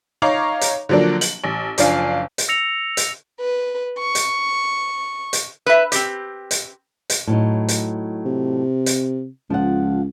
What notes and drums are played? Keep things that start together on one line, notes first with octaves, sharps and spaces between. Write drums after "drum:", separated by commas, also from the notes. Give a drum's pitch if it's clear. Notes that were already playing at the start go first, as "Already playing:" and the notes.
D#4 C#5 F5 A#5 C#6 D6
drum: hi-hat
D3 F3 F#3 A#3 D4
F#7, drum: hi-hat
A1
F#1 F3 D4 F5 G#5, drum: hi-hat
drum: hi-hat
E6 A#6 C#7 F7
drum: hi-hat
B4
C#6
drum: hi-hat
drum: hi-hat
B4 E5
C4 G4, drum: hi-hat
drum: hi-hat
drum: hi-hat
A2 F#3 D#4
drum: hi-hat
C3
drum: hi-hat
C#2 F3 F#5